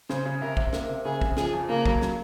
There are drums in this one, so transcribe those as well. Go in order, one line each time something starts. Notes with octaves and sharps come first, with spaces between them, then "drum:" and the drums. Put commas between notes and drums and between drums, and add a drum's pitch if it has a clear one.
C#3 C5, drum: snare
C#3
C3 A#4
C3, drum: kick
A#3, drum: snare
C3
C#3 G#4
C#3, drum: kick
F3 G#4, drum: snare
F2
C#3 A#3
F#3, drum: kick
F#3, drum: snare